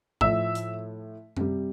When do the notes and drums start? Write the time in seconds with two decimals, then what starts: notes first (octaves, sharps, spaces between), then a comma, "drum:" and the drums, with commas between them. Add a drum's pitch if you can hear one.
0.21 A2 F3 E5 E6, drum: kick
0.55 drum: hi-hat
1.37 C3 G3, drum: tom F#2